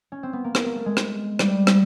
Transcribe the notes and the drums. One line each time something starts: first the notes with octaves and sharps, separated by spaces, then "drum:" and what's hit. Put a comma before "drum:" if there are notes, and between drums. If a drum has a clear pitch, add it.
C#4
C4
B3
A#3
B3, drum: rim click
A#3
A3
G#3
drum: rim click
G3, drum: rim click
drum: rim click